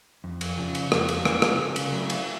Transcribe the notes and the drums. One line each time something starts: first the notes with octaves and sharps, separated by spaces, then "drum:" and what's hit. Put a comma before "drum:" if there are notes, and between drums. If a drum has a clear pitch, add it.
F2
drum: cymbal
C#3 F3
drum: cymbal
F2, drum: rim click
drum: cymbal
C#3 F3, drum: rim click
drum: rim click
C#3
drum: cymbal
F#3 A3 C4 E4
drum: cymbal